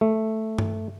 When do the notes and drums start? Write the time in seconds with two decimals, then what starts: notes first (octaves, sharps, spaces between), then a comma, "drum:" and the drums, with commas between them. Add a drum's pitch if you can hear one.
0.01 A3
0.58 drum: tom G2